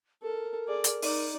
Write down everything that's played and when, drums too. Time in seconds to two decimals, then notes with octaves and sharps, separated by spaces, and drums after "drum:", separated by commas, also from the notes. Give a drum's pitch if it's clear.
0.23 A4 A#4
0.67 G#4 D5
0.84 drum: hi-hat
1.02 D#4 D5, drum: open hi-hat